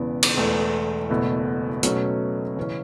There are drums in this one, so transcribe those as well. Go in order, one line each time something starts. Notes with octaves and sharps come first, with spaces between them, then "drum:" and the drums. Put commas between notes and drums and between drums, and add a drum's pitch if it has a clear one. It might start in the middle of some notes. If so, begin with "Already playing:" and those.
Already playing: E1 E2 C#3 E3 B3
drum: cymbal
E1 E2 E3 A3
F#1 E2 B2 A3 E4
B2 F#3 A3 C#4, drum: hi-hat
C#3 E3 C#4